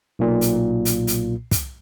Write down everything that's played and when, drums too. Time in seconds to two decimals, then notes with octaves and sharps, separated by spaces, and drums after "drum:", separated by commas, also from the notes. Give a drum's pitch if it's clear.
0.19 B1 A#2
0.41 drum: hi-hat
0.85 drum: hi-hat
1.07 drum: hi-hat
1.51 drum: kick, hi-hat